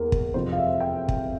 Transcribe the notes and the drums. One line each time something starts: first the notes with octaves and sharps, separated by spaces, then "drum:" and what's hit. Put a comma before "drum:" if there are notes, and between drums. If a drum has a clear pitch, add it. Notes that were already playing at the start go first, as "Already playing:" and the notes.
Already playing: E2 A#3 A#4
drum: kick
F2 C3 F3 C4 F4 C5
F5
E5
G5
drum: kick